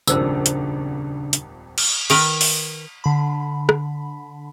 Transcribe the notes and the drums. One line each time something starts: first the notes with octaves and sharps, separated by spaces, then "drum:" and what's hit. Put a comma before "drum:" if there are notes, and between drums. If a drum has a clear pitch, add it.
D#1 G#1 F2 C#3 D4 A#4 C5 E6, drum: tambourine
drum: hi-hat
drum: hi-hat
drum: cymbal
D#3 A#4 B4, drum: cymbal
drum: open hi-hat
D3 B5
drum: rim click